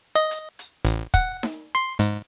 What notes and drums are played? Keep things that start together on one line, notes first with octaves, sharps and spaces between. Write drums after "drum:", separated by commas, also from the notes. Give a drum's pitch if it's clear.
D#5
drum: hi-hat
drum: hi-hat
A1, drum: hi-hat
F#5, drum: kick, hi-hat
drum: snare D#4
C6
G#2, drum: hi-hat